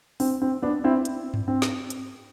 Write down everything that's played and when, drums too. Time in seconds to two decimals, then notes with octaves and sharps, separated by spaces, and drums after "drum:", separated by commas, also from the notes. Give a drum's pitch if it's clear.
0.20 C4, drum: open hi-hat
0.42 C4
0.62 B3 D4
0.84 C4 E4
1.05 drum: hi-hat
1.34 drum: tom G2
1.48 C4
1.62 drum: snare
1.90 drum: hi-hat